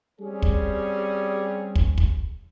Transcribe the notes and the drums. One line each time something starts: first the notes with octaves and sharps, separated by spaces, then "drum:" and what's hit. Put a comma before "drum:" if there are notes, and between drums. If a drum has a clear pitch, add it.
G3 C4 C#4 G#4
drum: kick
drum: kick
drum: kick